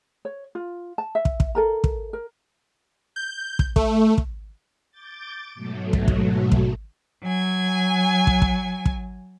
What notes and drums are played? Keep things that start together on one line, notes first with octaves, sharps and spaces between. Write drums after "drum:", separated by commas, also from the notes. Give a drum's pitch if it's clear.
C#5
F4
A5
E5
drum: kick
drum: kick
A4 A#4 A#5
drum: kick
A#4
G6
drum: kick
A3, drum: kick
drum: kick
D6 G6 A6
G#2 B2 F#3 A3
drum: kick
drum: kick
drum: kick
F#3 G#5
drum: kick
drum: kick
drum: kick